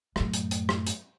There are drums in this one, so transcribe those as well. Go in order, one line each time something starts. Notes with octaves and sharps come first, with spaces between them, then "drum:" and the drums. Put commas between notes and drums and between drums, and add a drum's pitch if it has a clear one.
F#2 A2, drum: rim click
drum: hi-hat
drum: hi-hat
drum: rim click
drum: hi-hat